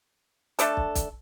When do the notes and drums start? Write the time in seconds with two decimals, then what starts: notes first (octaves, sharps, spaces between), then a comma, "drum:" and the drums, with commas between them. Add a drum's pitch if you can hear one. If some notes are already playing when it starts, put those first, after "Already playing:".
0.59 A3 D4 A4, drum: hi-hat
0.77 drum: kick
0.95 drum: kick, hi-hat